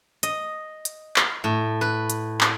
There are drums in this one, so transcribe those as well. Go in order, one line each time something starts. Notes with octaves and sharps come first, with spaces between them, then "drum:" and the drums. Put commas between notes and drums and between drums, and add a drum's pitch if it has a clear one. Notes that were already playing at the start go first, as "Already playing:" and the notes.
D#5, drum: hi-hat
drum: hi-hat
drum: clap
A2
B4
drum: hi-hat
drum: clap